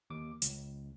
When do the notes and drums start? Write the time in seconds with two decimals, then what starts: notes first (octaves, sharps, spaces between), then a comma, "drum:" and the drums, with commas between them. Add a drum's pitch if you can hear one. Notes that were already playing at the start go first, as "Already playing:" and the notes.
0.10 D#2 D6
0.42 C#2, drum: hi-hat